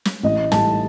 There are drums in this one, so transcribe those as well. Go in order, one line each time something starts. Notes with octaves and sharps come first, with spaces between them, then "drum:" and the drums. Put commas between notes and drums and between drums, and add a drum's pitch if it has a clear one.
drum: snare
A1 D#5
A2 G3 A5, drum: snare